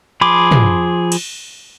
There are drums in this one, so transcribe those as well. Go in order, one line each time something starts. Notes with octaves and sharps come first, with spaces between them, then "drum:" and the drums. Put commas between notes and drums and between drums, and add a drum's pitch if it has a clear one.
F3 G#4 B5 C6 D6
drum: tom
drum: cymbal